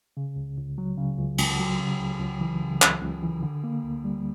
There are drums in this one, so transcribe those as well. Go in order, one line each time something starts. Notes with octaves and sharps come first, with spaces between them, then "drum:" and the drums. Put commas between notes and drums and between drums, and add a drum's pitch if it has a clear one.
C#3
C#2
C#2
F#3
C#3
C#2
C#2, drum: cymbal
F#3
C#3
C#2
C#2
E3
C#3
C#2, drum: clap
C#2
E3
D3
A#3
D2
G3